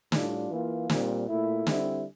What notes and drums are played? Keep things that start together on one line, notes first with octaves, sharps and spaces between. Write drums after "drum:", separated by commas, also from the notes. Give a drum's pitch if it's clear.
A2 G3 D4 F4, drum: snare
E3 A#3 F4
A#2 G3 C4, drum: snare
A#2 A3 E4
D3 G3 C4 E4, drum: snare